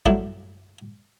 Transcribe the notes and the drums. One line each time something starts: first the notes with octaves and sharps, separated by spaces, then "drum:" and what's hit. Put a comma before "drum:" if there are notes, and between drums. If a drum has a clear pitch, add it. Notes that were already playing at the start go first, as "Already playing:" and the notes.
F#3 G3 A3 E4, drum: kick